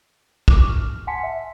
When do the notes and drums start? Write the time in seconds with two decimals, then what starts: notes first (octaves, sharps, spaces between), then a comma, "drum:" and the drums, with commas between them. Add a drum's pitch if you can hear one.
0.48 C#6 D6, drum: kick
0.69 F6
1.07 F#5 G#5 A5 C6 B6 C#7
1.23 E5